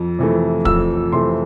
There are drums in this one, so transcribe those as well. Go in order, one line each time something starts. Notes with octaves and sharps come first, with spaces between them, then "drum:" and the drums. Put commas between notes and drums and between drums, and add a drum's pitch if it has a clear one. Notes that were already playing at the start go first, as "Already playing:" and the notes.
Already playing: F2
C3 E3 A3
F2 E6, drum: kick
C3 E3 A3 C6